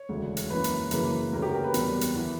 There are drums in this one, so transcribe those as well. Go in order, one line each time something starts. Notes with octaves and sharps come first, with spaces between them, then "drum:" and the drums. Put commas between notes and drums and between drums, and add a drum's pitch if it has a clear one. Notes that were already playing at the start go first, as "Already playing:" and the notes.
Already playing: C#5
E1 D2 C#3
drum: hi-hat
F#2 E3 A#3 C#4 B4
drum: hi-hat
F#2 C#3 E3 A#3 B4, drum: hi-hat
D2 C#3 F#3 A#3 C#4 A#4
G4
A#4
B4
E2 B2 G3, drum: hi-hat
drum: hi-hat
E3 B3